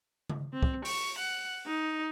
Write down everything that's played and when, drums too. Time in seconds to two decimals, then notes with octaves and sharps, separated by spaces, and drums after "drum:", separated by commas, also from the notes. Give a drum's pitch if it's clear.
0.29 drum: tom C#3
0.53 C4
0.63 drum: kick
0.85 C#6, drum: open hi-hat
1.19 F#5
1.66 D#4